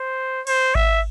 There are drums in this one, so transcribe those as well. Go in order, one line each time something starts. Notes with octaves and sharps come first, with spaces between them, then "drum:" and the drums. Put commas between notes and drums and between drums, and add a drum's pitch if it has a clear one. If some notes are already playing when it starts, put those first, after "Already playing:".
Already playing: C5
C5, drum: cymbal
E5, drum: kick G#1